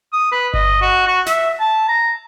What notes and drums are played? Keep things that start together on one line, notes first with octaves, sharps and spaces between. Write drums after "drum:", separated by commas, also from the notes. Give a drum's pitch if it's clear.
D#6
B4
D#5, drum: kick G1
F#4
F#4
E5, drum: snare
A5
A#5